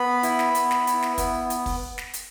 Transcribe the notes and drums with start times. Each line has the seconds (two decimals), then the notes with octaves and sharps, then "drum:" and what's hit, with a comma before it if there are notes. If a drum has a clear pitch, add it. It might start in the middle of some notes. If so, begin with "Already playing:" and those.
Already playing: B3 B5
0.23 E4, drum: hi-hat
0.39 drum: snare
0.55 B3, drum: hi-hat
0.71 drum: snare
0.87 E4, drum: hi-hat
1.02 drum: snare
1.18 B3, drum: kick, hi-hat
1.50 drum: hi-hat
1.66 drum: kick, open hi-hat
1.98 drum: snare
2.14 drum: hi-hat